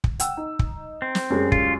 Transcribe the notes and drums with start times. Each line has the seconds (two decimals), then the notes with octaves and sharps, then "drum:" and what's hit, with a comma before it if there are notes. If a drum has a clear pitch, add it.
0.04 drum: kick
0.20 F#5 G5 E6, drum: hi-hat
0.37 D#4
0.59 drum: kick
1.02 C4
1.15 drum: snare
1.30 F#2 G3 G#3
1.52 F4, drum: kick